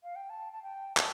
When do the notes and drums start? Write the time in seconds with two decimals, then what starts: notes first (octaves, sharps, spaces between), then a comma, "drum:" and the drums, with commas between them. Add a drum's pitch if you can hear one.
0.03 F5
0.16 G5
0.30 A5
0.53 A5
0.63 G5
0.97 A5, drum: clap